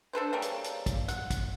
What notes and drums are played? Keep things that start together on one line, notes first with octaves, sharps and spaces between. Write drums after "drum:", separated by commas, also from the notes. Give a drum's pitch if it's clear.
D4 A4 B4 C5
C#3 G3 A#3
drum: hi-hat
drum: hi-hat
drum: kick, hi-hat
F#5, drum: hi-hat
drum: kick, hi-hat